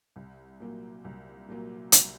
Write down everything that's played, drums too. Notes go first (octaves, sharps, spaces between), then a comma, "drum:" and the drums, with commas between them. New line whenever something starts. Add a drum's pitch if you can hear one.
C2
A#2 F#3 A#3
C2
A#2 F#3 A#3
C2, drum: hi-hat